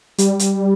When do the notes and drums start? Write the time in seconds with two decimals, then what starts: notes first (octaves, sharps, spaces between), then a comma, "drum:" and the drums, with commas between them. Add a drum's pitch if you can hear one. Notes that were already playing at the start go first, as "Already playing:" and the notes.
0.18 G3, drum: hi-hat
0.39 drum: hi-hat